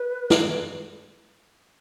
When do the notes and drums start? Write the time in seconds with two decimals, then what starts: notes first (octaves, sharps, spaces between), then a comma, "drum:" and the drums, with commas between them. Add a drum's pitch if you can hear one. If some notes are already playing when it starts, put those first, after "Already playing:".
Already playing: B4
0.30 drum: snare